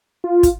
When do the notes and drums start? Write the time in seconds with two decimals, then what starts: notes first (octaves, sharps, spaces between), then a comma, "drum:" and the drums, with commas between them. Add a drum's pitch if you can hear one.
0.24 F4
0.43 drum: kick, hi-hat